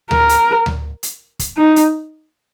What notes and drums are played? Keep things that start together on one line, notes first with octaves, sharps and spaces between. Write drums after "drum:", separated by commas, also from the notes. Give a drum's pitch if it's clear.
A#4, drum: tom D2
drum: hi-hat
drum: tom D2
drum: hi-hat
drum: kick, hi-hat
D#4
drum: hi-hat